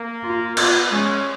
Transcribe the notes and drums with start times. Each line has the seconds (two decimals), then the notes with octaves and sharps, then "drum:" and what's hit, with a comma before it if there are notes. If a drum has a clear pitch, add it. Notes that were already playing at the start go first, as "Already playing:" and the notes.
Already playing: A#3
0.23 F4
0.57 B3 F4, drum: cymbal
0.91 G#3 C#4